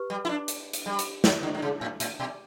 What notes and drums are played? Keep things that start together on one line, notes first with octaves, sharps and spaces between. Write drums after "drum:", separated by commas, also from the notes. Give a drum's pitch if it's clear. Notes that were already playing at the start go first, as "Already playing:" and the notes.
Already playing: G4 B4
G3
E4
D4
drum: hi-hat
drum: hi-hat
G3
drum: hi-hat
F#3, drum: snare
D3
D3
C#3
A2
A2, drum: hi-hat
B2